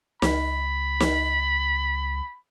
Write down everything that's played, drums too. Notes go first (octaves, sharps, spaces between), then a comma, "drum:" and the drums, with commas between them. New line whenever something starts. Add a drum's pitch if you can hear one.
C#2 B5, drum: snare
drum: snare